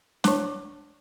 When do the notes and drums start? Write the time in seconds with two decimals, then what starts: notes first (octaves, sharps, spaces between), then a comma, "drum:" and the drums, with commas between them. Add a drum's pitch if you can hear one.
0.24 D4 C#5, drum: snare